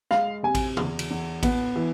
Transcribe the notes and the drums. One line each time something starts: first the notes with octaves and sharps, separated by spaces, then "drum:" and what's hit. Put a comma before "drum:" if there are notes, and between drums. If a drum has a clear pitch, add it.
G#3 F5, drum: rim click
C3 G#5
drum: kick A1, cymbal
E2, drum: tom
drum: cymbal
E2
B3, drum: kick A1, cymbal
E3